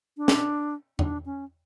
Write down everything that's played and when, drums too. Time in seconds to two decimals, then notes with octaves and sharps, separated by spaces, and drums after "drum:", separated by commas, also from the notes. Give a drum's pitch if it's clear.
0.17 D4
0.28 drum: snare
0.99 D4, drum: tom E2
1.26 C#4